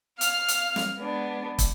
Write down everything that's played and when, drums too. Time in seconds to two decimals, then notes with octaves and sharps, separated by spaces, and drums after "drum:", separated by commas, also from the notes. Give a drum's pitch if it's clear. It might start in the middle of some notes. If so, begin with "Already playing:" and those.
0.21 F5 F6, drum: hi-hat
0.48 drum: hi-hat
0.76 drum: snare
0.97 G#3 B3 D4
1.59 drum: kick, hi-hat